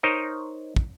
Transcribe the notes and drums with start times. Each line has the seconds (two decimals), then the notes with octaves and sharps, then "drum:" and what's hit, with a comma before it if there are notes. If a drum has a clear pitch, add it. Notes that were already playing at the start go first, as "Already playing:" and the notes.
0.03 D#4 A#4 C5 C#5 D#5
0.76 drum: kick